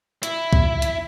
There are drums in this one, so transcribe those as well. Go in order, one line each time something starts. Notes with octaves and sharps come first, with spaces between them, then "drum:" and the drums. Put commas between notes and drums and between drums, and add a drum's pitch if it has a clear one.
E4, drum: hi-hat
drum: kick
drum: hi-hat